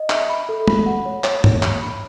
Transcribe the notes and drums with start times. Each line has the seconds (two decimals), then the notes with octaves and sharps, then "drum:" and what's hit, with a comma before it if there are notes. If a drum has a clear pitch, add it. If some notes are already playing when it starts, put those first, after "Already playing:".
Already playing: D#5
0.10 E5, drum: clap
0.29 B5
0.49 A4
0.68 B5, drum: tom
0.86 F#5
1.05 C#5
1.24 C#5, drum: clap
1.44 C#5, drum: tom
1.63 B5, drum: clap
1.81 B5